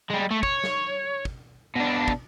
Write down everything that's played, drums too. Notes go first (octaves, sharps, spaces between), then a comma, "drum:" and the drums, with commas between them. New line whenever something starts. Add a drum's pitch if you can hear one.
G3 G#3
A3
C#5, drum: kick
drum: snare
drum: kick
B2 D4
drum: kick